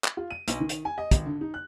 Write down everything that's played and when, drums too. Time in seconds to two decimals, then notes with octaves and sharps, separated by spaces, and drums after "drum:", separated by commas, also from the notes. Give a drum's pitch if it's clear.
0.04 drum: clap
0.17 F4
0.30 D#7
0.48 B1, drum: hi-hat
0.60 D#3
0.69 drum: hi-hat
0.85 G#5
0.98 D#5
1.11 G#1, drum: kick, hi-hat
1.26 D3
1.41 D#4
1.54 F#6